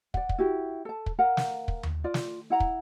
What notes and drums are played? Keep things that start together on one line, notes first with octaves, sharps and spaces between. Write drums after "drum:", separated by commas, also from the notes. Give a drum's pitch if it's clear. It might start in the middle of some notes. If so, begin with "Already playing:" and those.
D5 F#5, drum: kick
drum: kick
E4 F#4 G4
A4 A5
drum: kick
A#4 F5 F#5 A#5
drum: snare
drum: kick
drum: tom D#2
F4 D5
drum: snare
E4 F#5 A#5
drum: kick